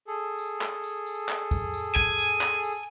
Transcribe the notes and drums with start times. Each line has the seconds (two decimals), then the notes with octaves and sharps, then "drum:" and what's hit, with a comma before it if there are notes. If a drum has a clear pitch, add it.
0.07 G#4 A4
0.39 drum: tambourine
0.61 drum: clap
0.84 drum: tambourine
1.06 drum: tambourine
1.29 drum: clap
1.51 drum: kick, tambourine
1.74 drum: tambourine
1.96 G#5, drum: kick, tambourine
2.19 drum: tambourine
2.41 drum: clap
2.64 drum: tambourine